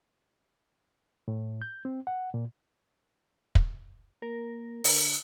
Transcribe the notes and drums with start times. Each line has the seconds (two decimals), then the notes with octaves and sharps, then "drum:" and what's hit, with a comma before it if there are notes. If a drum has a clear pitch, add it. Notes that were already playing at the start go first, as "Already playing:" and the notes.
1.28 A2
1.62 G6
1.85 C4
2.07 F#5
2.34 A#2
3.55 drum: kick
4.22 A#3 A#4
4.84 D3, drum: open hi-hat